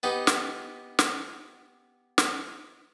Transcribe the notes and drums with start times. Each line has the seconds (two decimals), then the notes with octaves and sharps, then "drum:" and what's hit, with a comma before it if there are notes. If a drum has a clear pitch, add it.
0.03 B3 D#4 G4
0.27 drum: snare
0.99 drum: snare
2.18 drum: snare